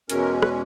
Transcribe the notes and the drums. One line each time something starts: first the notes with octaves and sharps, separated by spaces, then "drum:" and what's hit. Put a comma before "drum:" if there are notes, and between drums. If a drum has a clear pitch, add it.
E2 B2 G#3 C#4 A#4, drum: hi-hat
B4, drum: rim click